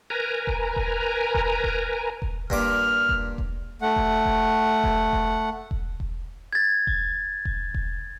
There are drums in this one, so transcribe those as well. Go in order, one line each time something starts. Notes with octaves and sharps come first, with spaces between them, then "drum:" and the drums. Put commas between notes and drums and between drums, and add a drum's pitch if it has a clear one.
A#4 B4 G#5 A#5
drum: kick E1
drum: kick E1
drum: kick E1
drum: kick E1
drum: kick E1
G2 A#2 D6 F6, drum: kick E1
drum: kick E1
drum: kick E1
A3 F#5
drum: kick E1
drum: kick E1
drum: kick E1
drum: kick E1
drum: kick E1
drum: kick E1
G#6 A6
drum: kick E1
drum: kick E1
drum: kick E1